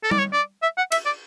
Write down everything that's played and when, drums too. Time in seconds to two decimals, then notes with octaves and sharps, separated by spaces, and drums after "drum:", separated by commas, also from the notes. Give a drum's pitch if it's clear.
0.04 A4
0.11 D5, drum: tom G3
0.19 C#5
0.33 D5
0.62 E5
0.78 F#5
0.92 E5, drum: cymbal
1.06 D5